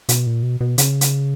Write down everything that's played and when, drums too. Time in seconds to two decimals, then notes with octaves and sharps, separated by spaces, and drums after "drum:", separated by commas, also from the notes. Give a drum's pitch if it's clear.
0.09 B2, drum: hi-hat
0.26 A#2
0.43 B2
0.61 B2
0.78 C#3, drum: hi-hat
1.01 drum: hi-hat